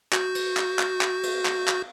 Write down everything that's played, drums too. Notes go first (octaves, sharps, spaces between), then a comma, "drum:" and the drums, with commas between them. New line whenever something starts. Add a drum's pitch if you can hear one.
F#4 G6, drum: clap
drum: cymbal
drum: clap
drum: clap
drum: clap
drum: cymbal
drum: clap
drum: clap